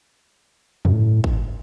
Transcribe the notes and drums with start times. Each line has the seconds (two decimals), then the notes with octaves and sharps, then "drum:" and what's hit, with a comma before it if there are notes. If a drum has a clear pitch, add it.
0.85 F#2, drum: tom
0.93 A2
1.24 drum: kick